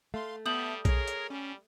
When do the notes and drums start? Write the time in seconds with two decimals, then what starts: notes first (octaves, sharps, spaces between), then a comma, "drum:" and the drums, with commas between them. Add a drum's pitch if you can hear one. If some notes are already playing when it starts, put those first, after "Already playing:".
0.14 A3 F5 C6
0.46 G3 B3 E5 A5 D#6 G6 F#7
0.85 G#4 A#4 C#5, drum: kick B1, hi-hat
1.08 drum: hi-hat
1.30 G3 C#4